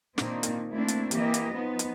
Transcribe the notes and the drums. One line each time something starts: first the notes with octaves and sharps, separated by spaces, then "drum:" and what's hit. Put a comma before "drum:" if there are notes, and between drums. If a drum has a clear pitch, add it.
A#2 D#3 A#3 C4 D4 D#4, drum: snare
drum: hi-hat
A3 A#3 C4 D4 E4
drum: hi-hat
E3 A#3 G4 D#5, drum: hi-hat
drum: hi-hat
F3 B3 D#4
drum: hi-hat